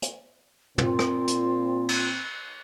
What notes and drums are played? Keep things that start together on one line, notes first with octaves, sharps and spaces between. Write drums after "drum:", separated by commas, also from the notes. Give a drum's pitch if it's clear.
drum: hi-hat
A#2 C4 F4, drum: tom
drum: rim click
drum: hi-hat
drum: cymbal